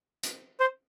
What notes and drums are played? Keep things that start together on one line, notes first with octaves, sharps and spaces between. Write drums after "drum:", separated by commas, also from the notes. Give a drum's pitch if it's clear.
drum: hi-hat
C5